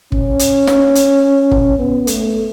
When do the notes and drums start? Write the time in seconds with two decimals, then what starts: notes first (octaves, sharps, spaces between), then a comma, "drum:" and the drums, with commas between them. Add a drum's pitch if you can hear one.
0.12 C#4, drum: kick
0.39 drum: hi-hat
0.67 drum: snare
0.95 drum: hi-hat
1.51 drum: kick
1.79 B3
2.07 A3, drum: hi-hat